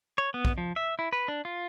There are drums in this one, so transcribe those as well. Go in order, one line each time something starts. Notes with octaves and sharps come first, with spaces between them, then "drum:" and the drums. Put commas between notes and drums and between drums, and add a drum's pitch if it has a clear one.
C#5
B3
drum: kick
F3
E5
E4
B4
D4
F4